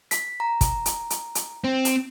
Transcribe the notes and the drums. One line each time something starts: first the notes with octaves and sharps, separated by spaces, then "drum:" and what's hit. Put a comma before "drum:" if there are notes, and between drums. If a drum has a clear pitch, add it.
B6, drum: hi-hat
A#5
drum: kick, hi-hat
drum: hi-hat
drum: hi-hat
drum: hi-hat
C4
drum: hi-hat